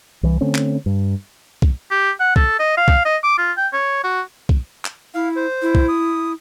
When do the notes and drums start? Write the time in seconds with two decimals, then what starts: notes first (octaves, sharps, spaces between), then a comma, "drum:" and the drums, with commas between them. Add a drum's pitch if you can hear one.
0.23 C2 E3
0.41 D3 A3 C4 C#4
0.55 drum: clap
0.86 G2
1.62 drum: kick B1
1.91 G4
2.20 F#5
2.36 A4, drum: kick B1
2.59 D#5
2.77 F5
2.88 drum: kick B1
3.05 D#5
3.24 D6
3.38 F4
3.57 G5
3.73 C#5
4.04 F#4
4.49 drum: kick B1
4.85 drum: clap
5.15 E4 F5
5.36 C5
5.62 E4
5.75 drum: kick B1
5.89 D#6